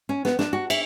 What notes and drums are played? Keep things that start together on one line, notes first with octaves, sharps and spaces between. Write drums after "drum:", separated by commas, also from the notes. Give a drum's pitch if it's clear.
C#4
B3, drum: snare
D4, drum: snare
F#4
E5, drum: cymbal